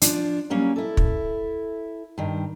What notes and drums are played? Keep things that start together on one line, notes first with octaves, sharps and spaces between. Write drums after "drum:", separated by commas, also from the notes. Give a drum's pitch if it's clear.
F3 D4, drum: hi-hat
F#3 G3 A#3 C#4
E4 A4
drum: kick
G2 D#3